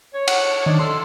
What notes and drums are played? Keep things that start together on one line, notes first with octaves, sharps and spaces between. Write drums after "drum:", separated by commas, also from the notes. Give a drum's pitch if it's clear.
C#5
F#5, drum: cymbal
D#3 D4
A4 C6